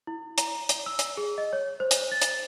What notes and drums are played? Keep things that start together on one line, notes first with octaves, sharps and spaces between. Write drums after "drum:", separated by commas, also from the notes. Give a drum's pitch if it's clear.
E4
A#5, drum: hi-hat
G7, drum: hi-hat
E6
drum: hi-hat
G#4
D#5
C#5
C5
drum: hi-hat
A6
drum: hi-hat